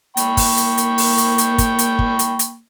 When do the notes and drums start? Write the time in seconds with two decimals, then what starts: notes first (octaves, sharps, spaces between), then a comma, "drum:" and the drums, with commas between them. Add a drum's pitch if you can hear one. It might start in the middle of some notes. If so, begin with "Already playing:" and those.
0.17 A#3 G5 B5 C#6, drum: hi-hat
0.37 drum: kick, open hi-hat
0.57 drum: hi-hat
0.78 drum: hi-hat
0.98 drum: open hi-hat
1.18 drum: hi-hat
1.38 drum: hi-hat
1.58 drum: kick, hi-hat
1.79 drum: hi-hat
1.99 drum: kick
2.19 drum: hi-hat
2.39 drum: hi-hat